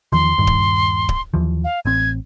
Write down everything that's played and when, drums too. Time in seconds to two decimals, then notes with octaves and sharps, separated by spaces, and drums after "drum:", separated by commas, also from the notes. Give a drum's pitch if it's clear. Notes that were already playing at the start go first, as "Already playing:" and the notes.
0.12 E2 D#3 F3 C6
0.38 D#1 G2 D#3
0.47 drum: kick
1.09 drum: kick
1.34 D#2 E3 F3
1.64 F5
1.85 A1 C4 G#6